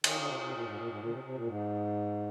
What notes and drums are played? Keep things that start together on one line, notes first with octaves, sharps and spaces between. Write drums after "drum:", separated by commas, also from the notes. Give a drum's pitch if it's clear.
D#3, drum: cymbal
D3
C3
C3
A#2
G#2
A#2
G#2
A#2
D3
C3
C3
A#2
G#2